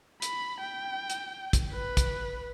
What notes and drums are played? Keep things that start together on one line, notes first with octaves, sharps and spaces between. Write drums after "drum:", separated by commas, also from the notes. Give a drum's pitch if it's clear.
B5, drum: hi-hat
G5
drum: hi-hat
drum: kick, hi-hat
B4
drum: kick, hi-hat